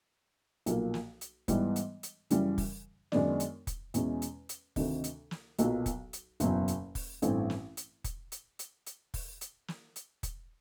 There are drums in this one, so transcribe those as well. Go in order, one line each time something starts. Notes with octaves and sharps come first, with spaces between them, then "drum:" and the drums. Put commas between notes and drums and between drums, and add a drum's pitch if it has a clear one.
B1 A#2 F3 A#3, drum: hi-hat
drum: snare
drum: hi-hat
G#2 E3 G3 B3, drum: kick, hi-hat
drum: hi-hat
drum: hi-hat
F#2 C#3 E3 G3, drum: hi-hat
drum: kick, open hi-hat
F#2 D#3 G#3 B3 D4, drum: snare
drum: hi-hat
drum: kick, hi-hat
E2 B2 G#3 C#4, drum: hi-hat
drum: hi-hat
drum: hi-hat
D2 C3 D#3, drum: kick, open hi-hat
drum: hi-hat
drum: snare
B1 A#2 F#3 B3 D#4, drum: hi-hat
drum: kick, hi-hat
drum: hi-hat
F#1 E2 B2 F#3, drum: hi-hat
drum: hi-hat
drum: kick, open hi-hat
A1 G2 E3 A3 C4, drum: hi-hat
drum: snare
drum: hi-hat
drum: kick, hi-hat
drum: hi-hat
drum: hi-hat
drum: hi-hat
drum: kick, open hi-hat
drum: hi-hat
drum: snare
drum: hi-hat
drum: kick, hi-hat